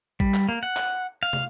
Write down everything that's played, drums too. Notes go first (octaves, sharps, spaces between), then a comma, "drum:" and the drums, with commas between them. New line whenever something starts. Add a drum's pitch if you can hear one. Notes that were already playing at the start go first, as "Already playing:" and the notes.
G3, drum: kick A1
drum: clap
A#3
F#5
drum: clap
F5
drum: tom